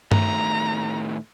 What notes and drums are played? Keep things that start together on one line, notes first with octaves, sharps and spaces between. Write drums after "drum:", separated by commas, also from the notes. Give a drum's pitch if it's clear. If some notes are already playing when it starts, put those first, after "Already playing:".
A2 D#3 A3 A#5, drum: tom G2